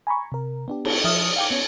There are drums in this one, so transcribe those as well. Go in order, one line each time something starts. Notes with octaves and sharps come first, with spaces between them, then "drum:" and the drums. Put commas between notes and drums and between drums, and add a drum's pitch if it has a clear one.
G#5 A#5 B5 C#6
C3 A#4
B3 D4 G4
drum: cymbal
F3 E5 D#6 F6
F5 G5 D6
B3 C#4 C#5